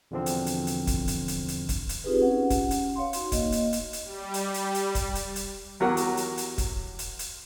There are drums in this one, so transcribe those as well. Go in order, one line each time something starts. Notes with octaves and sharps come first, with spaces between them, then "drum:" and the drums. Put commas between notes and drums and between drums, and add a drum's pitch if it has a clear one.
E2 B2 D3 F3 C4
drum: hi-hat
drum: hi-hat
drum: hi-hat
drum: kick, hi-hat
drum: hi-hat
drum: hi-hat
drum: hi-hat
drum: kick, hi-hat
drum: hi-hat
C4 D#4 F4 G4 G#4 B4
C#4 F#5
drum: kick, hi-hat
drum: hi-hat
C#5 F5 C6
D#4 F#4 C#5, drum: hi-hat
A#3 D#5, drum: kick, hi-hat
drum: hi-hat
drum: hi-hat
drum: hi-hat
G3
drum: hi-hat
drum: hi-hat
drum: hi-hat
drum: kick, hi-hat
drum: hi-hat
drum: hi-hat
E2 F#3 G4 A#4 F#5
drum: hi-hat
drum: hi-hat
drum: hi-hat
drum: kick, hi-hat
drum: hi-hat
drum: hi-hat